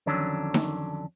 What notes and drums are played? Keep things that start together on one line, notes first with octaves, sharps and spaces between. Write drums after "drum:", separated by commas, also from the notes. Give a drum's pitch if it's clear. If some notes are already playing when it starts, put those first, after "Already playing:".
F2 D3 D#3 F#3 C#4 D4
drum: snare D#4